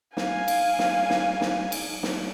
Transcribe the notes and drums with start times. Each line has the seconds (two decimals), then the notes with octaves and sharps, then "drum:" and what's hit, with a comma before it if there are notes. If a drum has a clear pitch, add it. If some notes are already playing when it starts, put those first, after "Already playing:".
0.17 F5 G#5, drum: snare
0.48 drum: cymbal
0.79 drum: snare
1.10 drum: snare
1.41 drum: snare
1.72 drum: cymbal
2.03 drum: snare